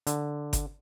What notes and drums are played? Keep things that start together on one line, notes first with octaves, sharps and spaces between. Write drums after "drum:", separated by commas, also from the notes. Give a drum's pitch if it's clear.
D3, drum: hi-hat
drum: kick G1, hi-hat